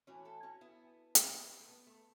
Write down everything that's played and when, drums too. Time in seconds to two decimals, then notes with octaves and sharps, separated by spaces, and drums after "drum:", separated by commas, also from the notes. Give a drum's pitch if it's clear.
0.07 A2 E3 A3 C#4 F#4
0.25 E4 A4
0.43 C#4 F#4
0.61 B3 E4
1.15 B2 A3, drum: hi-hat
1.60 A3
1.69 B3
1.87 A3